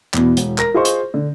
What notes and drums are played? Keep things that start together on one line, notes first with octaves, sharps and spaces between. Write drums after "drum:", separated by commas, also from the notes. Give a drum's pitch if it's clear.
E2 B2, drum: clap
E1, drum: hi-hat
A#4 A#6, drum: clap
F4 G#4 C5 D#5 C6 C#6
drum: hi-hat
D3